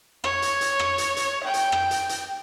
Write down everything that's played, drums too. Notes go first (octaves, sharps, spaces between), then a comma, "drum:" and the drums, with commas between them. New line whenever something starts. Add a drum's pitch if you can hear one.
C#5, drum: rim click
drum: hi-hat
drum: hi-hat
drum: rim click
drum: hi-hat
drum: hi-hat
G5
drum: hi-hat
drum: rim click
drum: hi-hat
drum: hi-hat